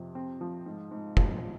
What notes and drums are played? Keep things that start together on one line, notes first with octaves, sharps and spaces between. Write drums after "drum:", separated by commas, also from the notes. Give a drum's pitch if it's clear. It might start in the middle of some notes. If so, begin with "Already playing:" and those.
Already playing: F2 C3
C4
F3
G#2
G#2
F3, drum: kick
F3